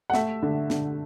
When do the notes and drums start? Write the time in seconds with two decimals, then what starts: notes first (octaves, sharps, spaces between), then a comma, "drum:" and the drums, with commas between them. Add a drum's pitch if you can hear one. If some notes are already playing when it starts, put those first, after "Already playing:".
0.10 F#5
0.14 A3 E5, drum: snare
0.42 D3
0.70 D3, drum: snare